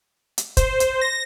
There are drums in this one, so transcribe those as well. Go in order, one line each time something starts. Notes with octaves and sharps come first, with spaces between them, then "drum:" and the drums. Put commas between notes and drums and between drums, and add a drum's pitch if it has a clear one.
drum: hi-hat
C5, drum: kick, hi-hat
drum: hi-hat
A#6